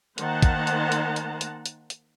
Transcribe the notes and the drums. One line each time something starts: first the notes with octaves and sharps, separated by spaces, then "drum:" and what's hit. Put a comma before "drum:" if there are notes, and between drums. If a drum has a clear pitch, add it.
D#3 A#3 C5 F#5 A5 A#5, drum: hi-hat
drum: kick, hi-hat
drum: hi-hat
drum: hi-hat
drum: hi-hat
drum: hi-hat
drum: hi-hat
drum: hi-hat